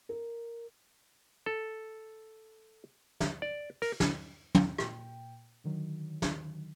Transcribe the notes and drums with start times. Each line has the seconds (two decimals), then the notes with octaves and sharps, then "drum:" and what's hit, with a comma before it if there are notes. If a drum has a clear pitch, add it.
0.09 A#4
1.46 A4
3.20 drum: snare
3.42 D5
3.82 A#4, drum: open hi-hat
4.00 drum: snare
4.55 drum: tom
4.78 A#2 G5, drum: rim click
5.64 D3 D#3 F#3
6.22 drum: snare